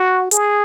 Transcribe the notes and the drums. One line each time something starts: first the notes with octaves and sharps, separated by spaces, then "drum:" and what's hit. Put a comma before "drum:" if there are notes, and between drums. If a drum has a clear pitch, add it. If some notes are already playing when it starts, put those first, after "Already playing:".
Already playing: F#4
G#4, drum: hi-hat